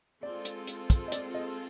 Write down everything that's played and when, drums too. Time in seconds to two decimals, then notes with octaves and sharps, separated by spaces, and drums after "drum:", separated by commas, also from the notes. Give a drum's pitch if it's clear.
0.22 G#3 C4 F4 A4 D5
0.45 drum: hi-hat
0.67 drum: hi-hat
0.90 drum: kick, hi-hat
1.08 D#5
1.12 D5, drum: hi-hat
1.34 D#5